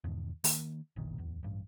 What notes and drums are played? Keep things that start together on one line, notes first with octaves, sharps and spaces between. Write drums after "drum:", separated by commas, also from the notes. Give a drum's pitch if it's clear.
E2 G#2 B2 D#3
D#3 A#3, drum: open hi-hat
F#1 B1 A#2 D#3
D1 E2
A1 G2